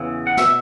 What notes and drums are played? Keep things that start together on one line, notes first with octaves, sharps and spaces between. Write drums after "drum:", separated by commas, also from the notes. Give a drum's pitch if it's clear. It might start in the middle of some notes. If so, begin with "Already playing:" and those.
Already playing: E2 C#3 E3
F#5
B2 E5, drum: snare